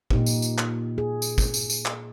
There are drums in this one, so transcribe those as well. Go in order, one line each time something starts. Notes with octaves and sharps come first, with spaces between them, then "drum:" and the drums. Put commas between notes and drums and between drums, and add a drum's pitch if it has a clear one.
A#2 D#4 G4, drum: kick
drum: tambourine
drum: tambourine
drum: clap
G#4
drum: tambourine
drum: kick, tambourine
drum: tambourine
drum: tambourine
drum: clap